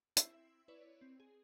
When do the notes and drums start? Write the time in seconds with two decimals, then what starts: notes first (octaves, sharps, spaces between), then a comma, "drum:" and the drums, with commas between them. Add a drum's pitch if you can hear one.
0.17 C4 E4 E5 E6 C7, drum: hi-hat
0.68 E4 B4 C#5 D5
1.01 C4
1.20 G#4